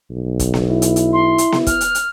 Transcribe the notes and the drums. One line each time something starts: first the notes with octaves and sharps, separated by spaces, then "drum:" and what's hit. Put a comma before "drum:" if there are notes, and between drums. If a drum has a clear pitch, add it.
B1
drum: kick, hi-hat
drum: snare B3
E4
drum: hi-hat
drum: hi-hat
C6
drum: hi-hat
drum: snare B3
F6, drum: kick, hi-hat
drum: hi-hat
drum: hi-hat